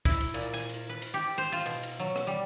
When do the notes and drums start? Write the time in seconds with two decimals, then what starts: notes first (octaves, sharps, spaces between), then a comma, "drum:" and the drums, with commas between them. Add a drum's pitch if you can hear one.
0.05 E4, drum: kick C2, cymbal
0.21 drum: cymbal
0.34 A#2, drum: cymbal
0.54 G#5, drum: cymbal
0.69 drum: cymbal
0.89 B4
1.02 drum: cymbal
1.14 G4
1.38 C5
1.52 F4, drum: cymbal
1.66 B2, drum: cymbal
1.83 drum: cymbal
1.99 F#3
2.16 drum: rim click
2.27 G3